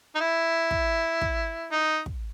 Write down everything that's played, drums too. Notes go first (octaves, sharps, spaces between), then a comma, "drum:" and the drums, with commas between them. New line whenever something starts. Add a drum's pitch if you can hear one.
D#4
E4
drum: kick
drum: kick
D#4
drum: kick